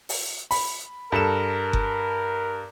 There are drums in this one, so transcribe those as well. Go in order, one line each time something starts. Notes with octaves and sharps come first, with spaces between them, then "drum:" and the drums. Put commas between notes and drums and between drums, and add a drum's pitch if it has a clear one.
drum: open hi-hat
B5, drum: open hi-hat
G2 A4 A#4 E7
drum: kick F#1